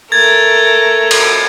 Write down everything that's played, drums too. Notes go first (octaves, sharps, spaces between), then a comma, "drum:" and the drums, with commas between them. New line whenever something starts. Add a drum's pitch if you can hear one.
A3 A#4 G#6 A6
drum: cymbal